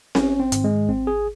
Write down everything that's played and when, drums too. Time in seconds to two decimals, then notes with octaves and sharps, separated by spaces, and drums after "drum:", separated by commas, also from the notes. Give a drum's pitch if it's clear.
0.15 G#1 C#4, drum: snare C4
0.40 C4
0.52 G#2 D#3, drum: hi-hat
0.64 G#3
0.88 G#1 C4
1.07 G#4